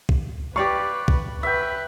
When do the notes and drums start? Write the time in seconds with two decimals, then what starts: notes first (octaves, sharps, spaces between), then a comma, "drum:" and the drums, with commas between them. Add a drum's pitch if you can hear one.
0.09 drum: kick
0.56 G4 B4 D5 F5 C#6 D6
1.08 drum: kick
1.43 B4 E5 G5